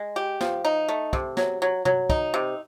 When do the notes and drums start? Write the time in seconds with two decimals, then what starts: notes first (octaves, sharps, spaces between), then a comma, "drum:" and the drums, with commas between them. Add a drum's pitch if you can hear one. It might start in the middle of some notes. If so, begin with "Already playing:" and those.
Already playing: G#3
0.16 G4
0.41 F3, drum: snare
0.65 D#4
0.89 A3
1.13 C3, drum: kick
1.37 F#3, drum: snare
1.62 F#3
1.85 F#3, drum: tom
2.10 D#4, drum: kick
2.34 C3